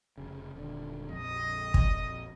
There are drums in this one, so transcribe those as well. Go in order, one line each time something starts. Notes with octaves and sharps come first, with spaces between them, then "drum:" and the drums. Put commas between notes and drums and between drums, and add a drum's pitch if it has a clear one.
F1 C#3
D#1 D3
A#1 F2 D#5
drum: kick